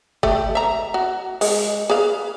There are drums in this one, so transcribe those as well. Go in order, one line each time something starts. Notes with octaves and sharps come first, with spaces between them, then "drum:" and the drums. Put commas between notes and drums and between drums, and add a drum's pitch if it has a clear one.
A3 G4, drum: kick G1
E5 A#5
F#4
G#3, drum: open hi-hat
G#4 B4 F5